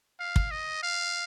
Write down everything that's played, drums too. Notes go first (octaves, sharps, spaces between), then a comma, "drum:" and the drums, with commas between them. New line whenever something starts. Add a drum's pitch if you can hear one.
F5
drum: kick
D#5
F5